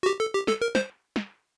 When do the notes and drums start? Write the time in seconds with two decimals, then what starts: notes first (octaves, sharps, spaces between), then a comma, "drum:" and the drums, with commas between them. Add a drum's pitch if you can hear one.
0.03 F#4
0.06 G4
0.20 A4
0.34 G4
0.47 A4, drum: snare
0.62 A#4
0.75 C5, drum: snare
1.16 drum: snare